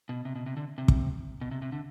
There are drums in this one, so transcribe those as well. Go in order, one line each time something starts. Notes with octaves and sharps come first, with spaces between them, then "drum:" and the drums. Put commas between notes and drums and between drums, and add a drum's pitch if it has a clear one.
B2
C3
B2
C3
D3
C3
drum: kick
B2
C3
C3
D3